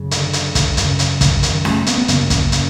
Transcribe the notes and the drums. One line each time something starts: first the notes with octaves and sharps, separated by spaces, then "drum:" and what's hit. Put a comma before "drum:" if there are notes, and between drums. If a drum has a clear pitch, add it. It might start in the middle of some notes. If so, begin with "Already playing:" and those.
Already playing: F#2 C#3
D3, drum: hi-hat
drum: hi-hat
drum: kick, hi-hat
F#2 C#3, drum: hi-hat
drum: hi-hat
drum: kick, hi-hat
D#3, drum: hi-hat
A3, drum: snare C#4
B3, drum: hi-hat
B3
F#2 C#3 A#3, drum: hi-hat
drum: kick, hi-hat
drum: hi-hat